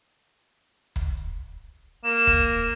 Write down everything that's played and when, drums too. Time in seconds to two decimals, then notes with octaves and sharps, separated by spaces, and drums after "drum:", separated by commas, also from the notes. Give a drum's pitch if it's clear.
0.96 drum: kick
2.04 A#3 E7
2.27 drum: kick